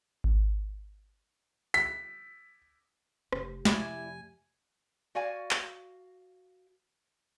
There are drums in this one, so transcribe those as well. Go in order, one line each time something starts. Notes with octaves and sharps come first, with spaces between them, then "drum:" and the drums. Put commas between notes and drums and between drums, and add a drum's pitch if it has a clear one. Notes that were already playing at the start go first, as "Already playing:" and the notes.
drum: kick G#1
B6, drum: hi-hat
F1 A3 G4, drum: rim click
F2 C3 E4 D5 G#5, drum: snare
F#4 D5 F5 G#5
drum: clap